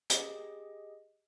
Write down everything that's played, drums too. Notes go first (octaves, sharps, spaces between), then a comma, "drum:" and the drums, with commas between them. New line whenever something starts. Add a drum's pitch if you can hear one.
G4 G#4 D#5, drum: hi-hat